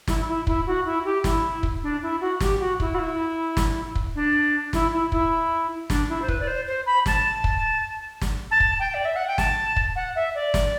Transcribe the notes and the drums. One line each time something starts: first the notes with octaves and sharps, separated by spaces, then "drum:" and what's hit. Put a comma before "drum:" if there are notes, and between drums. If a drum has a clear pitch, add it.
E4, drum: snare
E4
E4, drum: kick
F#4
E4
G4
E4, drum: snare
drum: kick
D4
E4
F#4
G4, drum: snare
F#4
E4, drum: kick
F#4
E4
drum: snare
drum: kick
D4
E4, drum: snare
E4
E4, drum: kick
D4, drum: snare
E4
C5
B4, drum: kick
D5
C5
C5
B5
A5, drum: snare
drum: kick
drum: snare
A5
drum: kick
G5
D5
E5
F#5
G5
A5, drum: snare
drum: kick
F#5
E5
D5
drum: snare